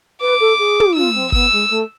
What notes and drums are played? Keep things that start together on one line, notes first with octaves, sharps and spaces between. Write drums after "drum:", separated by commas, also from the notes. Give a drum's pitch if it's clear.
B4 D6
A4
G#4
drum: tom
F4 E6
C4
B3 E6, drum: kick G#1
G#3
A3